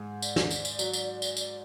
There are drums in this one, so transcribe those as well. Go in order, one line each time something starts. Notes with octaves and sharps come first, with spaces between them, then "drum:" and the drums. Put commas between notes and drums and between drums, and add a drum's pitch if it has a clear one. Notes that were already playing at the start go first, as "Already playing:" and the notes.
Already playing: G#2 G#3
D5, drum: tambourine
drum: snare
drum: tambourine
drum: tambourine
F#3, drum: tambourine
drum: tambourine
drum: tambourine
D5, drum: tambourine